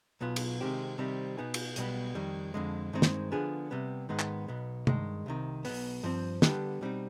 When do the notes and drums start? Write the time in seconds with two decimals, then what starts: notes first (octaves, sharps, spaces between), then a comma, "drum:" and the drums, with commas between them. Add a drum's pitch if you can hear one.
0.21 B1 B2 B3 F4
0.36 drum: cymbal
0.60 C3 D#3 G#3 C4 G4
0.98 C3 D#3 G3 C4
1.37 B2 B3 D#4 G#4
1.54 drum: cymbal
1.76 B1 B2 G3 B3, drum: hi-hat
2.15 F2 D#3 G3
2.54 F2 D3 G#3
2.93 G2 D#3 G#3 C4 D#4
3.02 drum: snare
3.32 D3 F3 B3 D4 G#4
3.71 C3 G3 B3
4.09 G#2 D#3 G#3 B3
4.19 drum: clap
4.48 B1 B2 B3
4.87 G2 D#3 G#3, drum: tom
5.26 C2 C3 D#3
5.65 B1 B2 B3, drum: open hi-hat
6.03 G2 F3 C4
6.42 D3 G3 B3 D4 G4, drum: snare
6.81 B2 G3 C4 D#4